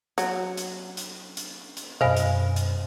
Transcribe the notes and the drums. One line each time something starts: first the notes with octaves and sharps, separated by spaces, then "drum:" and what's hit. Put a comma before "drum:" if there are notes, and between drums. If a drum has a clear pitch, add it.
F#3, drum: hi-hat
drum: hi-hat
drum: hi-hat
drum: hi-hat
drum: hi-hat
F#2 B2 C5 D#5 F5 G#5 B5
drum: hi-hat
drum: hi-hat